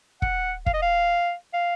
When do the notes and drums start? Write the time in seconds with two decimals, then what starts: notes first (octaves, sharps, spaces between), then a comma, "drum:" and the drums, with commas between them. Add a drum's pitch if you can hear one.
0.22 F#5, drum: kick
0.66 F5, drum: kick
0.74 D#5
0.82 F5
1.54 F5